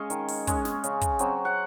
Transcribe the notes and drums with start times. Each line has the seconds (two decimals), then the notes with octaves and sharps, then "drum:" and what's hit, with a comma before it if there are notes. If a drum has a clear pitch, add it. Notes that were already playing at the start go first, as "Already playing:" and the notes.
Already playing: G#3 C#4 C#5 D#5 F5
0.10 D#3, drum: hi-hat
0.28 drum: open hi-hat
0.47 G#3 C#4, drum: kick, hi-hat
0.65 drum: snare
0.84 C#3, drum: hi-hat
1.01 drum: kick, hi-hat
1.19 F#3 C4, drum: hi-hat
1.45 F#5